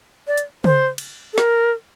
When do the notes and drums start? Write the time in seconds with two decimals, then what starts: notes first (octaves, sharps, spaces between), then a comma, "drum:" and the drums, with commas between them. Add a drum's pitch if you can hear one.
0.27 D5
0.37 drum: hi-hat
0.64 C5, drum: tom C#3
0.98 drum: cymbal
1.33 A4
1.38 A#4, drum: snare